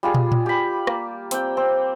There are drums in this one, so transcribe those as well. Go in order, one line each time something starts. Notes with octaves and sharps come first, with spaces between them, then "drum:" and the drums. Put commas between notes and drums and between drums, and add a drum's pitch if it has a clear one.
G3 F4 G#4
drum: tom
drum: tom A#2
G4 B5
A#3, drum: rim click
C4 G5, drum: hi-hat
C4